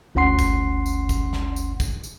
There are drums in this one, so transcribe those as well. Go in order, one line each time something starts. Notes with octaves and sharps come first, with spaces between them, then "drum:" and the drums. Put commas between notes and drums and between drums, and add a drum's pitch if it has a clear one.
G1 D2 C#4 F#5 C6 C7
drum: kick, tambourine
drum: tambourine
drum: kick, tambourine
drum: snare
drum: tambourine
drum: kick, tambourine
drum: tambourine